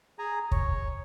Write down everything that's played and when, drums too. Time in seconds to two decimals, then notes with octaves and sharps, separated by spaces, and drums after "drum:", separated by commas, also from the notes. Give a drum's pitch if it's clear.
0.19 G#4 G#5 A#5
0.52 C#5, drum: kick